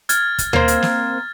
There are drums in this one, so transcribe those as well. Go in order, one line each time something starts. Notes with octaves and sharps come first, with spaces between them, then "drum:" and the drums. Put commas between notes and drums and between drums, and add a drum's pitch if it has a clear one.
F6 G#6 A6, drum: hi-hat
drum: kick, hi-hat
A#3 C4, drum: tom D2
drum: hi-hat
drum: snare